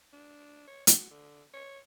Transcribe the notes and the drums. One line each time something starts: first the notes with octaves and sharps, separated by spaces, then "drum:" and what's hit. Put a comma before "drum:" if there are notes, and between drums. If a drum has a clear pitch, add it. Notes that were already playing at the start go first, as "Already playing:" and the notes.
D4
C#5
F#4, drum: hi-hat
D3
C#5